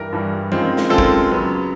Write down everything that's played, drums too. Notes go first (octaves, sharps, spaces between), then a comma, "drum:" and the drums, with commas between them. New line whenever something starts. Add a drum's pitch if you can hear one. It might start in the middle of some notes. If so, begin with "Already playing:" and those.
Already playing: G2 E3 G3 A#4
G2 E3 G3
F#2 D#3 G#3 C4 F4, drum: tom E3
drum: snare
F#2 D#3 G#3 C4 F4 A4
drum: kick
C#3 F#3 B3